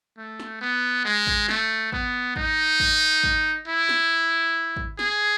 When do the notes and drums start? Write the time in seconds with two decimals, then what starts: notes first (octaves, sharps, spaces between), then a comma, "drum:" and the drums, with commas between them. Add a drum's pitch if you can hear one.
0.18 A3
0.40 drum: snare
0.61 B3
1.05 G#3
1.27 drum: kick
1.48 A3, drum: snare
1.92 B3, drum: kick
2.36 D#4, drum: kick
2.80 drum: kick
3.24 drum: kick
3.68 E4
3.89 drum: snare
4.76 drum: kick
4.99 G#4, drum: snare